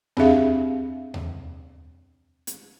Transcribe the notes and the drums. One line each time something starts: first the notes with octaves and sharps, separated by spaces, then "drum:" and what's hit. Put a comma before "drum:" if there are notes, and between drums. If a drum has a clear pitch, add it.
C4 D4 G4 G#4 E5 F5, drum: tom D#2
drum: tom D#2
drum: hi-hat